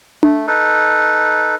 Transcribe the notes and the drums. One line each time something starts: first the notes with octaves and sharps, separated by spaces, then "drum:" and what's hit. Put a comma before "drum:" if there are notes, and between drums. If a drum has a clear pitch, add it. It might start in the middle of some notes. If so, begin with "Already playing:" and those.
A3, drum: tom D4
D#4 A4 B4